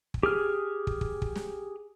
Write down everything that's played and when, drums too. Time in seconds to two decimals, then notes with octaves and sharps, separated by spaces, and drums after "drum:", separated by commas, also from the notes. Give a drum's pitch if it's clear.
0.14 drum: kick
0.23 G4 G#4 F6
0.87 drum: kick
1.01 drum: kick
1.22 drum: kick
1.35 drum: snare